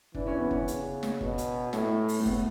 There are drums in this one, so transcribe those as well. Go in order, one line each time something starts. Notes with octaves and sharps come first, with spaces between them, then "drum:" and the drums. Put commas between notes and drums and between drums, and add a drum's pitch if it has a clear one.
E3 D4, drum: kick
C#4
B3
C#4, drum: kick
C#3, drum: hi-hat
drum: snare
B2, drum: kick
drum: hi-hat
A2, drum: snare
drum: open hi-hat
A3
B3, drum: kick